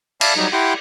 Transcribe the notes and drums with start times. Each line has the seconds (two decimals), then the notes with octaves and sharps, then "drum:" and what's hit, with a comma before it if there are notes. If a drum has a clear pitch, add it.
0.21 D5 E5 F5 A5 B5, drum: cymbal
0.37 F#3 G3 D#4
0.53 E4 G4 F#5 G5 C6 D6